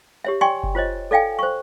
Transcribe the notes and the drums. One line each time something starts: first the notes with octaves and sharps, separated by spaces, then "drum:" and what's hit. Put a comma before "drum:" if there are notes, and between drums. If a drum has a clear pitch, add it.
G4 C#5 E5
D5 G5 G#5 C6 C#6
drum: kick F#1
F4 C5 C#5 D#5
A4 D5 F5 G5 G#5
C5 C#6